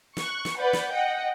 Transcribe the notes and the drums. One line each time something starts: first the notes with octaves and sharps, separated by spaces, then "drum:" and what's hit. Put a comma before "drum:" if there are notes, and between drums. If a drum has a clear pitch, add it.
C#6 F#6, drum: snare
drum: snare
B4 D5 F#5 G6
drum: snare
D#5 F#5 G5